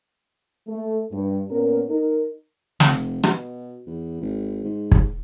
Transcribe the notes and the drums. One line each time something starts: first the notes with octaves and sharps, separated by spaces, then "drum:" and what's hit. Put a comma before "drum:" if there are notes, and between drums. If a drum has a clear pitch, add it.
A3
G2
A#2 B3 C#4 A#4
D#4 A#4
F1, drum: snare
B2, drum: rim click
E2
G#1
G#2
drum: kick